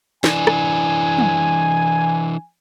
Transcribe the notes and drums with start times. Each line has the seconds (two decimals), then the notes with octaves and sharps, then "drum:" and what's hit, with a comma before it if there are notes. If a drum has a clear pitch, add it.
0.24 E3 D4 G#5, drum: snare
0.47 drum: rim click
1.18 drum: tom